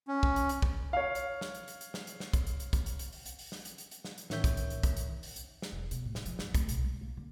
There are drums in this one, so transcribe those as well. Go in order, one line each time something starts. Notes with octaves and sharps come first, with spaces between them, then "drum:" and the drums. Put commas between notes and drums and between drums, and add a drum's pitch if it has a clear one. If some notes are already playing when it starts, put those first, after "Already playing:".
C#4
drum: kick
drum: hi-hat
drum: hi-hat
drum: kick
C#5 F5
drum: hi-hat
drum: snare
drum: hi-hat
drum: hi-hat
drum: hi-hat
drum: snare
drum: hi-hat
drum: snare
drum: kick, hi-hat
drum: hi-hat
drum: hi-hat
drum: kick, hi-hat
drum: hi-hat
drum: hi-hat
drum: open hi-hat
drum: hi-hat
drum: open hi-hat
drum: snare
drum: hi-hat
drum: hi-hat
drum: hi-hat
drum: snare
drum: hi-hat
A1 D#3 C#5 E5 G6, drum: snare
drum: kick, hi-hat
drum: hi-hat
drum: hi-hat
drum: kick, hi-hat
drum: hi-hat
drum: open hi-hat
drum: hi-hat
drum: snare
E1
B2, drum: hi-hat
A2
drum: snare
F3, drum: hi-hat
G1, drum: snare
A3, drum: kick, hi-hat
B1, drum: hi-hat
G#3
A#3
D3